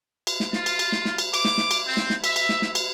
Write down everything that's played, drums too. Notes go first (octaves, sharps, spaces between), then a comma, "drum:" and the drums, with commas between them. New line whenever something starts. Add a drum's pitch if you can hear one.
drum: cymbal
drum: snare
F4, drum: snare
drum: cymbal
drum: cymbal
drum: snare
drum: snare
drum: cymbal
D6, drum: cymbal
drum: snare
drum: snare
drum: cymbal
C4
drum: snare
drum: snare
E5, drum: cymbal
drum: cymbal
drum: snare
drum: snare
drum: cymbal